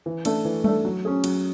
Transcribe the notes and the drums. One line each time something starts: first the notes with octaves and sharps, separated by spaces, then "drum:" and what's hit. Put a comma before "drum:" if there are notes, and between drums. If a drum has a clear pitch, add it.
E3
A3 D4 A4, drum: cymbal
E3
A3 D4 A4, drum: tom G3
F#3
C#4 G#4
F#3, drum: cymbal